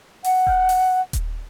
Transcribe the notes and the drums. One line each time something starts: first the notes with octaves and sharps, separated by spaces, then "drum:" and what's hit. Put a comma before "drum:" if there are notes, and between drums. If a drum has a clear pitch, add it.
F#5, drum: open hi-hat
drum: kick D#1
drum: open hi-hat
drum: kick D#1, hi-hat